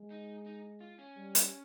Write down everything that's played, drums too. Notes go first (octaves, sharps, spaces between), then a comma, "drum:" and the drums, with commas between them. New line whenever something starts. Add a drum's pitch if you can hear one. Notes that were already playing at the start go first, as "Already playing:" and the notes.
Already playing: G#3
D#4
D#4
F4
C#4
G3
drum: hi-hat